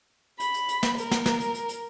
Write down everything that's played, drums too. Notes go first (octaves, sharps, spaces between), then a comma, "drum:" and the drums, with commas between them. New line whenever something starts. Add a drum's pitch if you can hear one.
B5, drum: hi-hat
drum: hi-hat
drum: hi-hat
drum: snare
A#4, drum: hi-hat
drum: snare
drum: snare
drum: hi-hat
drum: hi-hat
drum: hi-hat